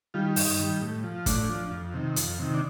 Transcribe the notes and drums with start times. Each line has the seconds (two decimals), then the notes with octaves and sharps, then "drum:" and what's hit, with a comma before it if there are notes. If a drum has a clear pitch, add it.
0.14 D#3 G3 F4
0.36 G2 D#4, drum: open hi-hat
0.59 D#3 G3
0.82 A2
1.04 F3
1.26 A2 D4, drum: kick, hi-hat
1.49 F3
1.71 F2
1.94 C3 D#3
2.16 F2, drum: hi-hat
2.39 C3 D#3
2.54 D4